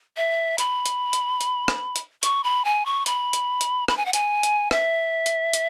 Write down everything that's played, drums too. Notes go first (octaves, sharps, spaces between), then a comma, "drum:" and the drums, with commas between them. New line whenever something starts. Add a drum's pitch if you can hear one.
E5
B5, drum: hi-hat
drum: hi-hat
drum: hi-hat
drum: hi-hat
drum: rim click
drum: hi-hat
C#6, drum: hi-hat
B5
G#5
C#6
B5, drum: hi-hat
drum: hi-hat
drum: hi-hat
B5, drum: rim click
G#5
F#5
G#5, drum: hi-hat
drum: hi-hat
E5, drum: rim click
drum: hi-hat
drum: hi-hat